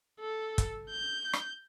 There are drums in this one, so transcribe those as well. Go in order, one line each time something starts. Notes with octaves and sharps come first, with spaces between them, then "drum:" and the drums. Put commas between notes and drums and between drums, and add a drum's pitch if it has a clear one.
A4
drum: kick, hi-hat
G6
drum: rim click